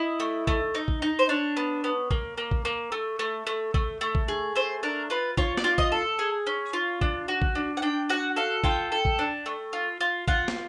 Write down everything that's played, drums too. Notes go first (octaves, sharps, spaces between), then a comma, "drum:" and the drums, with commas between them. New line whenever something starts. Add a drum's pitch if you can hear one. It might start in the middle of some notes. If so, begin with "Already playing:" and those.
Already playing: E4 D#5
A3
A3, drum: kick
D#4
drum: kick
D#4
C5
D4 C#5
B3
B3
A#3, drum: kick
A#3
drum: kick
A#3
A3
A3
A3
A3, drum: kick
A3
drum: kick
G#4
A3 C5
D4 A#4
F4 B4
F4 C#5, drum: kick
D5, drum: snare
F4
D#5, drum: kick
A4
G#4
C#4
F4
D4, drum: kick
F#4
drum: kick
D4
F#5
D4 G5
F#4 F#5
A4 F5
F4 G5, drum: kick
A4
drum: kick
D4
A3
F4
F4
F4 F#5, drum: kick
drum: snare